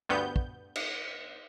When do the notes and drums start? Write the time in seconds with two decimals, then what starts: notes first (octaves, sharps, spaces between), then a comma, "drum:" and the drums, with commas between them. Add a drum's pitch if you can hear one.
0.09 D2 G2 B3 G6
0.36 drum: kick
0.76 drum: cymbal